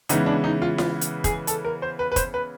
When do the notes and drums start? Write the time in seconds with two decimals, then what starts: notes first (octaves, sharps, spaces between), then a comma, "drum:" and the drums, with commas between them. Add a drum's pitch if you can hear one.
0.09 C#3 E3 G#3 B3 D#4, drum: hi-hat
0.26 D4
0.44 D#4
0.62 F4
0.78 F4, drum: snare E4
1.01 drum: hi-hat
1.24 G#4, drum: kick, hi-hat
1.47 A4, drum: hi-hat
1.65 A#4
1.82 C5
1.99 B4
2.12 B4
2.16 C5, drum: kick, hi-hat
2.34 B4